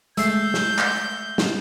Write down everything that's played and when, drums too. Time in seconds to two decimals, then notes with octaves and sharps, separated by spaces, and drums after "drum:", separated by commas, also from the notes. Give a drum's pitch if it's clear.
0.17 G#3 A3 E6 G6 C7, drum: hi-hat
0.54 drum: snare
0.78 drum: clap
1.38 drum: snare